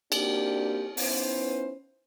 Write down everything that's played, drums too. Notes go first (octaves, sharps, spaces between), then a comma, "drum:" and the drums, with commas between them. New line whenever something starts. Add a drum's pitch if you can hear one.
A#3 C4 D4 D#4 F#4 G4, drum: cymbal
B3 C#4 D#4 E4 B4 C5, drum: open hi-hat